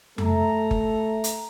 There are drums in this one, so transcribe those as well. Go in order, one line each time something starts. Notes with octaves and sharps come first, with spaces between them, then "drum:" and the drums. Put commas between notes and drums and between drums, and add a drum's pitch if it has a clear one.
A3 A4 A#5, drum: tom F2
drum: kick F#1
drum: hi-hat